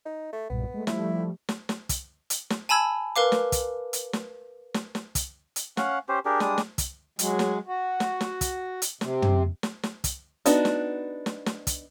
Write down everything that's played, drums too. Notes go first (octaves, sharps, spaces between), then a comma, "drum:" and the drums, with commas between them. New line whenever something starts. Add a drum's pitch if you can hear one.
D#4
A3
B1 G2 A#2 B3
G#3 A3
F3 G3 A3 E4, drum: snare
drum: snare
drum: snare
drum: kick, hi-hat
drum: hi-hat
drum: snare
G#5 A5 B5 E6 G#6
A#4 B4 F5 D6
drum: snare
drum: kick, hi-hat
drum: hi-hat
drum: snare
drum: snare
drum: snare
drum: kick, hi-hat
drum: hi-hat
C#4 F5 F#5, drum: snare
C#4 G4 C5
D4 G4 G#4 A#4
G3 G#3 D4 D#6, drum: snare
drum: snare
drum: kick, hi-hat
F#3 G#3, drum: hi-hat
drum: snare
F#4
drum: snare
drum: snare
drum: kick, hi-hat
drum: hi-hat
C3, drum: snare
drum: tom
drum: snare
drum: snare
drum: kick, hi-hat
B3 D4 D#4 F#4, drum: hi-hat
drum: snare
drum: snare
drum: snare
drum: kick, hi-hat